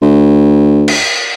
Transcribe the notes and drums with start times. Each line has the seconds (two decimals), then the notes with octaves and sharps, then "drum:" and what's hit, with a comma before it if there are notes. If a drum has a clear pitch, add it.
0.02 D2
0.88 drum: cymbal